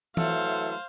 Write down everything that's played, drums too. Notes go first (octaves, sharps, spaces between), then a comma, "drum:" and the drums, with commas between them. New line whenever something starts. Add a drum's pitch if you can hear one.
E3 F#3 A3 C5 F5, drum: tom E3